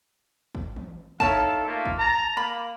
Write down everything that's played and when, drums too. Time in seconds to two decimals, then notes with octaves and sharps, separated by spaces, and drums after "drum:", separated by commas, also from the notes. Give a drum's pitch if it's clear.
0.55 drum: kick G#1
0.76 drum: tom E3
1.20 D#4 E4 A4 C#5 F5 A5, drum: kick G#1
1.65 A3 A#3 F4
1.85 drum: kick G#1
1.99 A5 A#5
2.37 A#3 B5